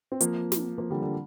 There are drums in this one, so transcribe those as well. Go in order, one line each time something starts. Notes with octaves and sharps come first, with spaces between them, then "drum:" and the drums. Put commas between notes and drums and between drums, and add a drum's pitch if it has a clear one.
C4
F3 A#3, drum: hi-hat
drum: snare
F3 A#3
D3 G3
D3